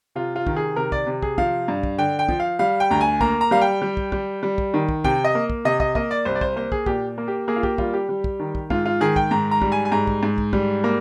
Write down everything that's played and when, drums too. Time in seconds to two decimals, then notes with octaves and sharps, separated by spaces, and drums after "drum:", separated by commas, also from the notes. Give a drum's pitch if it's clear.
0.15 C3 F4
0.36 F4
0.47 D#3, drum: kick
0.56 G#4
0.76 C3 A#4
0.92 D5, drum: kick
1.07 C3
1.23 G#4, drum: kick
1.38 F3 F5, drum: kick
1.68 G2
1.83 drum: kick
1.98 D3 G5
2.19 G5
2.29 F3, drum: kick
2.40 F5
2.59 G3 F5
2.80 G5
2.90 D2 A#5
3.01 G#5
3.21 A#3 A#5, drum: kick
3.41 A#5
3.51 G3 F5
3.61 G5
3.82 G3
3.97 drum: kick
4.12 G3, drum: kick
4.43 G3
4.58 drum: kick
4.74 D#3
4.89 drum: kick
5.04 C3 G5, drum: kick
5.24 D#5
5.35 A#3
5.50 drum: kick
5.65 C3 D#5
5.80 D#5, drum: kick
5.95 A#3 D#5, drum: kick
6.11 D5
6.25 C2 C5
6.35 D5
6.41 C5, drum: kick
6.56 A#3 C5
6.72 G#4, drum: kick
6.86 A#2 G4, drum: kick
7.18 A#3
7.28 G4
7.48 A#3 G#4
7.56 F4
7.63 G4, drum: kick
7.78 G3 F4, drum: kick
7.94 G4
8.09 G3
8.24 drum: kick
8.40 D#3
8.55 drum: kick
8.70 G#2 F4, drum: kick
8.85 F4
9.01 D#3 G#4
9.16 G5, drum: kick
9.31 G#2 A#5
9.51 A#5
9.62 G3, drum: kick
9.72 G#5
9.85 G#5
9.92 G#2 A#5
10.07 drum: kick
10.23 G#2
10.38 drum: kick
10.53 G3, drum: kick
10.84 A#3